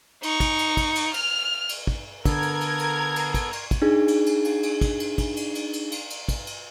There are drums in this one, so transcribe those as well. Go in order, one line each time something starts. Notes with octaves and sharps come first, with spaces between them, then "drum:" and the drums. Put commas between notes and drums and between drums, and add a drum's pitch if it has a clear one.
D#4 C#6, drum: cymbal
drum: kick, cymbal
drum: cymbal
drum: kick, cymbal
drum: cymbal
F6 F7, drum: cymbal
drum: cymbal
drum: kick
D3 B3 A4 A#4 G#6, drum: kick, cymbal
drum: cymbal
drum: cymbal
drum: cymbal
drum: cymbal
drum: kick, cymbal
drum: cymbal
drum: kick, cymbal
D4 D#4 G#4
drum: cymbal
drum: cymbal
drum: cymbal
drum: cymbal
drum: kick, cymbal
drum: cymbal
drum: kick, cymbal
drum: cymbal
drum: cymbal
drum: cymbal
drum: cymbal
drum: cymbal
drum: kick, cymbal
drum: cymbal